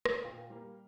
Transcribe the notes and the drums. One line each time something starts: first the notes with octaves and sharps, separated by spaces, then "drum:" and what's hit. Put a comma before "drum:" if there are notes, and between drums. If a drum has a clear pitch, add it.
drum: rim click
A#2 F5 G5
G3 A#3